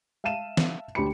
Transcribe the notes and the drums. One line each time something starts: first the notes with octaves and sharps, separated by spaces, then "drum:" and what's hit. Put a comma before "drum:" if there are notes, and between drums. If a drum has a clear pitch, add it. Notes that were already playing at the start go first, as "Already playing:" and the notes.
E5 F5 A5 D#7 E7
drum: snare
D2 G4 B5 C#7